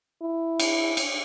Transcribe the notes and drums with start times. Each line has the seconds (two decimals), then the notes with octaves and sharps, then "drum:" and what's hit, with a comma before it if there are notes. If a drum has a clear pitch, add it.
0.22 E4
0.60 drum: cymbal
0.97 drum: cymbal